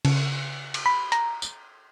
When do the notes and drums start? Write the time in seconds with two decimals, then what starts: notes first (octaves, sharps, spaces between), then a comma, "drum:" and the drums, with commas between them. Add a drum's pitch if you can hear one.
0.05 C#3, drum: cymbal
0.74 drum: cymbal
0.86 B5
1.12 A#5, drum: hi-hat
1.42 drum: tambourine